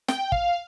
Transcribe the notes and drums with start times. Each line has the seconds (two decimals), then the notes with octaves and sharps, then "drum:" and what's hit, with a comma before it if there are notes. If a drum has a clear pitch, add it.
0.08 G5, drum: snare
0.32 F5, drum: kick